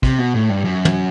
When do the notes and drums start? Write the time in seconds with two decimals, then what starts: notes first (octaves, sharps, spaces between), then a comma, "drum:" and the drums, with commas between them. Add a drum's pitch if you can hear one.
0.03 C3, drum: kick
0.18 B2
0.34 A2
0.50 G2
0.65 F#2
0.85 drum: tom